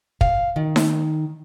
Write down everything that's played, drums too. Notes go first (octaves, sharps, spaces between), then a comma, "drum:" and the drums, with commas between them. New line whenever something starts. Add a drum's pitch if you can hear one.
F5, drum: kick
D#3
drum: snare D#4